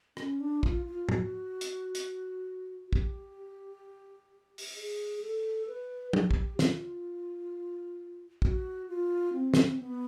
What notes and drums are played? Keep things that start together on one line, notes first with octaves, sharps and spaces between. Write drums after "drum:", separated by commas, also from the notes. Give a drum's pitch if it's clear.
C#4, drum: rim click
D4
F4, drum: kick
F4
F#4, drum: tom G#2
drum: hi-hat
drum: hi-hat
F#4
G4, drum: kick
drum: open hi-hat
G#4
A4
B4
G4, drum: tom
drum: kick
F4, drum: snare
F#4, drum: kick
F4
C4
drum: snare
B3